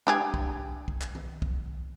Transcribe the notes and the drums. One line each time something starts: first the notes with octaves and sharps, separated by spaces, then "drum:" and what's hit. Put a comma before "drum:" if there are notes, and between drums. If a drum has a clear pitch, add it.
D4 G4 G#4, drum: tom G#3
drum: kick
drum: kick
drum: clap
drum: tom D#3
drum: kick